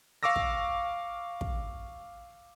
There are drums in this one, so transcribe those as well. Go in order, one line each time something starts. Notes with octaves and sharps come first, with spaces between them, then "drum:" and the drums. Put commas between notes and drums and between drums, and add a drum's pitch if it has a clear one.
F5 C#6 D6 E6 A#6
drum: kick
drum: kick